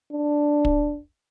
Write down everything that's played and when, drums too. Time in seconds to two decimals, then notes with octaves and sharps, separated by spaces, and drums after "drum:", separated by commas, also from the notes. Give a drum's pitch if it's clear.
0.13 D4
0.65 drum: kick